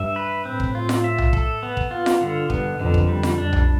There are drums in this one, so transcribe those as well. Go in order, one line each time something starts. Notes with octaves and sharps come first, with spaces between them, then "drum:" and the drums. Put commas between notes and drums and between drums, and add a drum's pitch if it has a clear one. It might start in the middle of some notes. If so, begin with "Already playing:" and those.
Already playing: G2 E5
B4
A2 C4
drum: kick
F4
drum: snare F4
E5
drum: tom B1
A4, drum: kick
B3
drum: kick
F4
drum: snare F4
G2 D3
G2 B3, drum: kick
F2 D3
drum: kick
G3
drum: snare F4
F2 D4
drum: tom B1